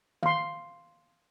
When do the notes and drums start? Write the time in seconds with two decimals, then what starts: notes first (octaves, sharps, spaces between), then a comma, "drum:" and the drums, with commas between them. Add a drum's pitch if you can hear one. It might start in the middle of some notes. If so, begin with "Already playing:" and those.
0.23 F5 C6, drum: tom D#3